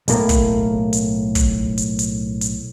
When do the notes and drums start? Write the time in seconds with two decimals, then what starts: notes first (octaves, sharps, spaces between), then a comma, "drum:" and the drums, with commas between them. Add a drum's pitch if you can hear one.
0.08 B1 A2 A#3, drum: hi-hat
0.29 drum: kick, hi-hat
0.93 drum: hi-hat
1.35 drum: kick, hi-hat
1.78 drum: hi-hat
1.99 drum: hi-hat
2.41 drum: hi-hat